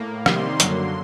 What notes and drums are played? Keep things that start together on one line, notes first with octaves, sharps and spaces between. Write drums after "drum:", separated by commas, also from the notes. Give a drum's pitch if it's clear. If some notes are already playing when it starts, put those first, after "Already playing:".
Already playing: A2 A#3
C3 D#3 G3 A#3 C6, drum: rim click
F#2 D3 F#3 A#3, drum: hi-hat